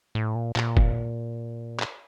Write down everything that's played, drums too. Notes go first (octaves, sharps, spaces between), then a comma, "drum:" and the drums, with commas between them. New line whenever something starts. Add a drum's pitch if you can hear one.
A2
A#2
A#2, drum: clap
drum: kick
drum: clap